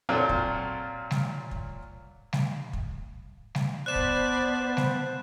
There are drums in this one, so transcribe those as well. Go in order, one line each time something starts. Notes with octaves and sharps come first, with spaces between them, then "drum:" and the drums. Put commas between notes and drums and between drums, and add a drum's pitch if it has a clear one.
A#2 F#3 C4 F4 A4
drum: kick
drum: snare G3
drum: kick
drum: snare G3
drum: kick
drum: snare G3
B3 C5 D5 A5 B5 F#6 E7
drum: kick
drum: snare G3